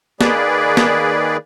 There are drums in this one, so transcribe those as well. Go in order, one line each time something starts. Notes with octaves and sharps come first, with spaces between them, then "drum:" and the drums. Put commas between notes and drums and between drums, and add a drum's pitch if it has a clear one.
D#3 A#3 G#4 B4 D5, drum: snare
drum: snare